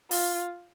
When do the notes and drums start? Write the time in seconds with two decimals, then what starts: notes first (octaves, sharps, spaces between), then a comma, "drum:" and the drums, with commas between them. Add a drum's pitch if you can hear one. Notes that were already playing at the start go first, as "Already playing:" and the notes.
0.11 F4, drum: open hi-hat